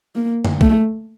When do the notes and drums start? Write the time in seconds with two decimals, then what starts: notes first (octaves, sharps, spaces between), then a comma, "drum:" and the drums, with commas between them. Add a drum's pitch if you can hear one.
0.16 A#3
0.45 drum: tom
0.61 A3, drum: kick